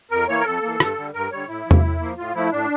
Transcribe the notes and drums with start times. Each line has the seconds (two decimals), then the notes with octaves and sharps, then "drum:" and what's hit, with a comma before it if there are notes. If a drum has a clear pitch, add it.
0.11 F2 A#4
0.28 E3 A#3 C#5
0.41 A#4
0.45 F2 A4
0.63 E3 A#3
0.80 G2, drum: rim click
0.97 D3 G3
1.14 G2 A#4
1.32 D3 G3 C#5
1.48 A2 E4
1.66 F3
1.71 A#3, drum: tom E2
1.83 A2
2.00 F3 A#3
2.18 A2 F4
2.35 F3 A3 E4
2.52 A2 D4